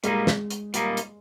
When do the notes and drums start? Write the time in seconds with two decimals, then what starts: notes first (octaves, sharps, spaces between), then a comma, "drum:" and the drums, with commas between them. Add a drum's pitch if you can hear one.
0.04 A#2 G3 G#3 A#3 D#4, drum: hi-hat
0.27 drum: snare
0.50 drum: hi-hat
0.74 A#2 G3 A#3 D#4, drum: hi-hat
0.97 drum: hi-hat